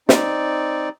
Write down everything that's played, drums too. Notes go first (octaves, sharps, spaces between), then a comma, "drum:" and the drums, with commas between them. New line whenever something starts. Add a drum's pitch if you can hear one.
C4 D#4 D5, drum: snare